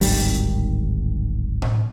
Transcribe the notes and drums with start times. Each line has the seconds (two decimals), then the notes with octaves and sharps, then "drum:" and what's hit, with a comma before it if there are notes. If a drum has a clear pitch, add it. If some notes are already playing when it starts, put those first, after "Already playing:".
0.01 D1 G#1 D#3 G3, drum: open hi-hat
1.62 drum: tom A2